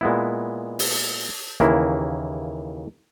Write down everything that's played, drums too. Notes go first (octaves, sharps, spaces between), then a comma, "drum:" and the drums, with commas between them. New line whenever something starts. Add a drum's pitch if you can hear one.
A#2 G#3 B3 E4
drum: open hi-hat
D#2 C#3 E3 A#3 E4